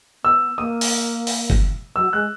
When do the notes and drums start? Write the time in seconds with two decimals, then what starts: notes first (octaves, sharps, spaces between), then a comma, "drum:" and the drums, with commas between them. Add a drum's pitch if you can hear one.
0.24 B3 E6
0.58 A#3 D#6
0.81 drum: open hi-hat
1.27 drum: open hi-hat
1.50 drum: kick
1.95 F#3 E6
2.12 G#3 F#6